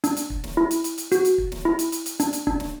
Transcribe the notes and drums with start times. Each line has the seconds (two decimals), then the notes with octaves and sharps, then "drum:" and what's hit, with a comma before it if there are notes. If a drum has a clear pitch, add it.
0.04 D4, drum: hi-hat
0.17 drum: hi-hat
0.30 drum: kick
0.44 drum: snare
0.57 E4
0.71 drum: hi-hat
0.84 drum: hi-hat
0.98 drum: hi-hat
1.12 F#4, drum: hi-hat
1.25 drum: hi-hat
1.38 drum: kick
1.52 drum: snare
1.65 E4
1.79 drum: hi-hat
1.92 drum: hi-hat
2.06 drum: hi-hat
2.20 D4, drum: hi-hat
2.33 drum: hi-hat
2.47 D4, drum: kick
2.60 drum: snare